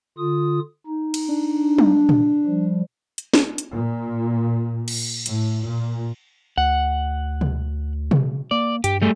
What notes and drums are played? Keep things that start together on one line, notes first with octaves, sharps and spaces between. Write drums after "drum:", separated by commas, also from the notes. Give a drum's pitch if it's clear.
D3 F4 D#6
D#4
drum: cymbal
D4
drum: tom F#3
drum: tom A#2
F3 G3
drum: hi-hat
drum: snare
drum: hi-hat
A#2
drum: cymbal
A2, drum: hi-hat
A#2
D2 F#5
drum: tom B2
C#3, drum: tom B2
A#3 D5
G2 G4, drum: hi-hat
G3 A3 G#4